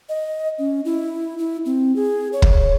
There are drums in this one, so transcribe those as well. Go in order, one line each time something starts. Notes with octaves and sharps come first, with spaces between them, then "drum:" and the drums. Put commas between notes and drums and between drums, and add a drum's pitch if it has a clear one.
D#5
C#4
E4
E4
C4
G#4
C#5
drum: kick